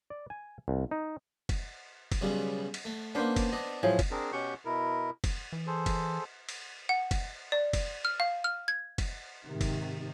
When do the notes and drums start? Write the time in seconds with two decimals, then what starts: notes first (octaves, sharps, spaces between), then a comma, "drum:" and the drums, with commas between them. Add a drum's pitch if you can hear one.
0.10 D5
0.30 G#5
0.68 C2
0.91 D#4
1.49 drum: kick F1, cymbal
2.12 drum: kick F1, cymbal
2.21 B1 C#3 G3
2.74 drum: cymbal
2.85 A3
3.15 A#3 B3 C#4 D4 C5
3.36 drum: kick F1, cymbal
3.52 D4 D#5
3.83 A2 F3 F#3 G#4
3.99 drum: kick F1, cymbal
4.11 C4 D4 G#4 A#4
4.32 B2 C#4 G4 F#5 C#6 G6
4.65 B2 E4 A#4
5.24 drum: kick F1, cymbal
5.52 E3
5.67 G#4 A4 C5
5.86 drum: kick F1, cymbal
6.49 drum: cymbal
6.89 F#5
7.11 drum: kick F1, cymbal
7.52 D5
7.73 drum: kick F1, cymbal
8.05 F6
8.20 F5
8.44 F6
8.68 G#6
8.98 drum: kick F1, cymbal
9.45 G#2 C3 D#3
9.61 drum: kick F1, cymbal